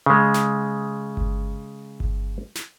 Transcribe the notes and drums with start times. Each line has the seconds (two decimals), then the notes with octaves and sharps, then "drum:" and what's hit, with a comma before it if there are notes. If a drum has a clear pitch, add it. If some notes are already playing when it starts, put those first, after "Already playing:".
0.06 C#3 G#3
0.34 drum: snare
1.17 drum: kick G1
2.00 drum: kick G1
2.55 drum: snare